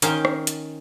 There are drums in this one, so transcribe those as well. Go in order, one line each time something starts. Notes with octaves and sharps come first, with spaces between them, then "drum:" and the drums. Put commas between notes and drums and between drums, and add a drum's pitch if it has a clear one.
D#3 C#4 C5 F5 G5, drum: hi-hat
drum: rim click
drum: hi-hat